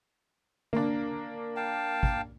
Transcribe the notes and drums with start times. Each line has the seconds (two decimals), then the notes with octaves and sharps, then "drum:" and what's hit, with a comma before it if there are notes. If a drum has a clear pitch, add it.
0.73 A#3 D4, drum: tom D3
1.56 F5 G5 A5
2.03 drum: kick